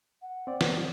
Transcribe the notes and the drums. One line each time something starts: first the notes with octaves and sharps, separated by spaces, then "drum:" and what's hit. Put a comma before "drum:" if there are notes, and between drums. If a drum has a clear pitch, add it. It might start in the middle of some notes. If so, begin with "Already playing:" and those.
F#5
C4 D5
drum: snare